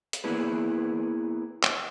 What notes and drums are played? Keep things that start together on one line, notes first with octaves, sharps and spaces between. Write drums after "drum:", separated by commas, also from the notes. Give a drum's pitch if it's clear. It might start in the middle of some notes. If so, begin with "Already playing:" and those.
drum: hi-hat
A#3 B3 E4 G#4 B4
drum: clap